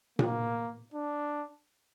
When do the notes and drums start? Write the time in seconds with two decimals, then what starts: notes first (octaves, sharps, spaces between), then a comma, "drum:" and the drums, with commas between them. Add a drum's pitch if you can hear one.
0.19 A#3, drum: tom A#2
0.94 D4